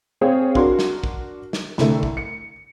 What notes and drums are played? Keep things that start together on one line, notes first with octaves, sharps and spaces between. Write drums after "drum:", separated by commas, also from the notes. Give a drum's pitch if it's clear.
C4 G#4 C#5 F5
D4 F#4 A#4 C6, drum: kick
drum: snare
drum: kick
drum: snare
C2 D3 A3, drum: snare
drum: kick
C#7